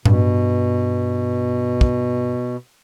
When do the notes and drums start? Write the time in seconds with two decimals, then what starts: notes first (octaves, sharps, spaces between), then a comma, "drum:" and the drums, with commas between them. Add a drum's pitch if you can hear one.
0.06 G2 B2, drum: tom A2
1.81 drum: kick